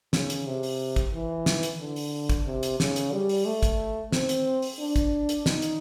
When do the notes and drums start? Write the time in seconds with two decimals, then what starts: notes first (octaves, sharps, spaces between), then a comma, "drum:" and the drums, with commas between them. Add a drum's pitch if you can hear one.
0.13 C#3, drum: snare
0.30 drum: hi-hat
0.46 C3
0.63 drum: open hi-hat
0.96 drum: kick, hi-hat
1.13 E3
1.46 drum: snare
1.63 drum: hi-hat
1.80 D3
1.96 drum: open hi-hat
2.29 drum: kick, hi-hat
2.46 C3
2.63 drum: hi-hat
2.80 C#3, drum: snare
2.96 drum: hi-hat
3.13 G3
3.29 drum: open hi-hat
3.46 A3
3.63 drum: kick, hi-hat
4.12 C4, drum: snare
4.29 drum: hi-hat
4.62 drum: open hi-hat
4.79 D4
4.96 drum: kick, hi-hat
5.29 drum: hi-hat
5.46 D#4, drum: snare
5.62 drum: hi-hat